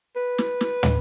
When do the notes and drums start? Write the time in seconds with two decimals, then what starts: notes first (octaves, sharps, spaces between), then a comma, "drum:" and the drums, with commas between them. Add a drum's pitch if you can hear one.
0.16 B4
0.38 drum: snare
0.61 drum: snare
0.83 drum: tom